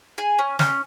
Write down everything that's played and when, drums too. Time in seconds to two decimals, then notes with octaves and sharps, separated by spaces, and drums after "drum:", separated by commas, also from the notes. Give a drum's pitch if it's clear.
0.18 G#4 G#5
0.39 C#4
0.59 C#4, drum: snare